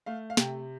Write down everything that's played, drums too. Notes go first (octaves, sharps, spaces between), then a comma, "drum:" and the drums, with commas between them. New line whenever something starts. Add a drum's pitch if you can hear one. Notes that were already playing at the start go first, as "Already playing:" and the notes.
A3 F5
F5
C3 G5, drum: snare